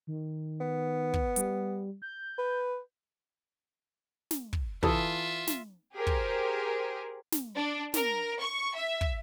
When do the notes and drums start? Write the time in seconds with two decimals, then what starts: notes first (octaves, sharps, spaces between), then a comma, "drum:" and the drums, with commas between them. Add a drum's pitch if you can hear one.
0.07 D#3
0.60 B3
1.14 drum: kick
1.36 G3, drum: hi-hat
2.02 G6
2.38 B4
4.31 drum: snare
4.53 drum: kick
4.83 E3 F4 A4 E5 D#6, drum: kick
5.47 drum: snare
5.94 G4 G#4 A#4 C5
6.07 drum: kick
7.32 drum: snare
7.55 D4
7.94 A#4, drum: snare
8.40 C#6
8.76 E5
9.01 drum: kick